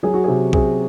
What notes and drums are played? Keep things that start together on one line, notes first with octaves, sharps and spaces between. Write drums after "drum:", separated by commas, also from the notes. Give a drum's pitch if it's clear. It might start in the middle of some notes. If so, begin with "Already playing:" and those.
F#3 G#4
F#4
C3 G#4
C3 G#4, drum: kick B1